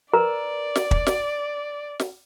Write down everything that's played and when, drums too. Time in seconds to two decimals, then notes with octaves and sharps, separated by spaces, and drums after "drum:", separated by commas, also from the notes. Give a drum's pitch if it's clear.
0.13 A#4 B4 D5 A#5
0.76 drum: snare
0.91 drum: kick
1.07 drum: snare
2.00 drum: snare